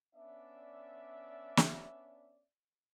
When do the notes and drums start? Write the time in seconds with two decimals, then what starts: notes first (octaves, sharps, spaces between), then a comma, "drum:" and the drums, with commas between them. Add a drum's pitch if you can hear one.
0.15 B3 C#4 D4 D5 E5
1.57 drum: snare